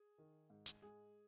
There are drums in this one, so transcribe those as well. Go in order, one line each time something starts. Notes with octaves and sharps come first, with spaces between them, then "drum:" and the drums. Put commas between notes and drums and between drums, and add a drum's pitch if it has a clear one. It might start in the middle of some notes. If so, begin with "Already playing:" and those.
Already playing: G#4
D#3
G#2
drum: hi-hat
G#3 G#4